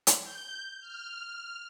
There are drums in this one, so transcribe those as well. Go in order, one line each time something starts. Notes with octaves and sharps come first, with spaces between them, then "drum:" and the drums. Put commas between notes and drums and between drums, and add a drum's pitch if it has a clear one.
drum: hi-hat
G6
F6